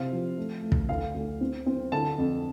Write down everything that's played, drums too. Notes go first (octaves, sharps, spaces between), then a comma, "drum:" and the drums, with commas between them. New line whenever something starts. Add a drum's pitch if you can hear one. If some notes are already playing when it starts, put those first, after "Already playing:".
Already playing: C3 C4 F5
F3
A3
A3
drum: kick
D2 F5
D2
C4
C4
D3 A5
F2